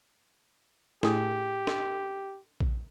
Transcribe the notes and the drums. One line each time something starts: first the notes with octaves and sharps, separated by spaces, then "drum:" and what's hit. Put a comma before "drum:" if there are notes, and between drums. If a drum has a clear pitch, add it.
A2 G4 G#4, drum: snare
drum: snare
drum: kick A#1